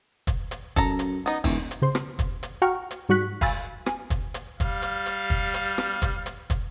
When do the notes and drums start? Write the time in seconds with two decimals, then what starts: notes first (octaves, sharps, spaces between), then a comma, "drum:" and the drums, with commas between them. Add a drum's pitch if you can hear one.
0.27 drum: kick, hi-hat
0.51 drum: hi-hat
0.76 F#2 A4 A#5, drum: kick, hi-hat
0.99 drum: hi-hat
1.26 B3 D#4
1.44 D#1 E3, drum: kick, open hi-hat
1.71 drum: hi-hat
1.82 C#3 C5 C6
1.95 drum: rim click
2.19 drum: kick, hi-hat
2.43 drum: hi-hat
2.62 F#4 F#5 G5 A#5 C#6 F6
2.91 drum: hi-hat
3.09 G#2 G3 F#4 C#6 F#6 B6
3.41 F5 G#5 B5 E6 A6, drum: kick, open hi-hat
3.86 G#5, drum: rim click
4.10 drum: kick, hi-hat
4.34 drum: hi-hat
4.60 G3 F5, drum: kick, hi-hat
4.82 drum: hi-hat
5.06 drum: hi-hat
5.30 drum: kick
5.54 drum: hi-hat
5.78 drum: rim click
6.02 drum: kick, hi-hat
6.26 drum: hi-hat
6.50 drum: kick, hi-hat